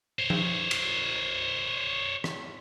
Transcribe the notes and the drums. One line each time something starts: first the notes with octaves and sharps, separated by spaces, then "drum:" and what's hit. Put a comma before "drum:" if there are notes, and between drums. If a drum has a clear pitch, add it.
C5 C#5
drum: tom F3
drum: cymbal
drum: rim click